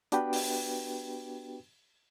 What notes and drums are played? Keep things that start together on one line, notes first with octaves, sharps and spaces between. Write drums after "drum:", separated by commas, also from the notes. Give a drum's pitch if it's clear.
B3 D4 F#4 G4 B4 G5, drum: hi-hat
drum: open hi-hat